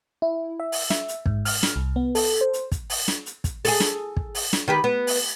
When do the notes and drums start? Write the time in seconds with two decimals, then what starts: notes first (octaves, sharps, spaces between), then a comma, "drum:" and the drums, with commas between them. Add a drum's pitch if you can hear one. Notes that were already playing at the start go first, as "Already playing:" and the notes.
0.22 E4
0.60 E5
0.72 drum: open hi-hat
0.90 E5, drum: snare
1.08 drum: hi-hat
1.26 G#2, drum: kick
1.45 F6, drum: open hi-hat
1.63 drum: snare
1.76 C2
1.96 B3
2.15 A4, drum: open hi-hat
2.41 C5
2.53 drum: hi-hat
2.72 drum: kick, hi-hat
2.90 drum: open hi-hat
3.08 drum: snare
3.26 drum: hi-hat
3.44 drum: kick, hi-hat
3.65 G#4 A4, drum: open hi-hat
3.80 drum: snare
4.17 drum: kick
4.35 drum: open hi-hat
4.53 drum: snare
4.68 D#3 G4 B4
4.84 B3
5.07 drum: open hi-hat